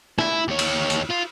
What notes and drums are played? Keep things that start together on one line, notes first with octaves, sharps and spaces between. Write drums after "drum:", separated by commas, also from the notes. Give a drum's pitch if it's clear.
E4, drum: rim click
D#2 C#5
drum: cymbal
drum: hi-hat
F4